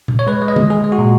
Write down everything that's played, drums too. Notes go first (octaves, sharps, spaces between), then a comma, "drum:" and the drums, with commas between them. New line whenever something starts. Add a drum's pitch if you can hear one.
drum: tom A#2
C#5
G#3 B4
G#3
D#5
G#3, drum: tom
G#3 G#4
G#3
F#4
A#2